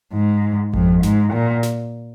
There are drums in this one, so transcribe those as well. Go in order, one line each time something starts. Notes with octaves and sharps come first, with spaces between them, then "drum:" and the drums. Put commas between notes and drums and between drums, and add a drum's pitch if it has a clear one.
G#2
F2, drum: kick G#1
G#2, drum: snare
A#2
drum: snare